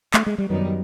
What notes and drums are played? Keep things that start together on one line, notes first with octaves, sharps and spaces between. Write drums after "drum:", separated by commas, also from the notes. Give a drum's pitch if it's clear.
A3, drum: clap
G#3
G3
F#2 D#3 F#3 G3 B3 D#4